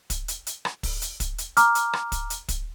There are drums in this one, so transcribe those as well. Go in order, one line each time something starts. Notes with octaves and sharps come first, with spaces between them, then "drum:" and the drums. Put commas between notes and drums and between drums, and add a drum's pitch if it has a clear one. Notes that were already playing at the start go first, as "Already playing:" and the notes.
drum: kick, hi-hat
drum: hi-hat
drum: hi-hat
drum: rim click
drum: kick, open hi-hat
drum: hi-hat
drum: kick, hi-hat
drum: hi-hat
A#5 D6 F6, drum: hi-hat
drum: hi-hat
drum: rim click
drum: kick, hi-hat
drum: hi-hat
drum: kick, hi-hat